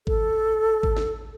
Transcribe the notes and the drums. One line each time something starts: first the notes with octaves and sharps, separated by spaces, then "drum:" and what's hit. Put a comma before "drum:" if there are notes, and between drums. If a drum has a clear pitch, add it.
A4, drum: kick G#1
drum: kick G#1
drum: snare